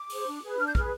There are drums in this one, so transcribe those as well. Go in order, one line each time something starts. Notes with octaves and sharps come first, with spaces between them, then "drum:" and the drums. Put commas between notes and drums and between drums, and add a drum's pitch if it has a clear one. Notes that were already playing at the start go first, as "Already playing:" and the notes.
Already playing: D6
G#4 C5, drum: open hi-hat
D4
G#4 B4
D4 F6
G6
G#4 B4 F6, drum: kick